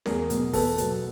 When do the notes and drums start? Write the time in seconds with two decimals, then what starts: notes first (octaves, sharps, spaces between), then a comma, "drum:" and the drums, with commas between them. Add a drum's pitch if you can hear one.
0.06 E2 G#4 A#4, drum: snare C#4
0.30 B2 F#3 B3, drum: hi-hat
0.53 E2 A4 B4, drum: kick, open hi-hat
0.78 B2 F#3 B3, drum: hi-hat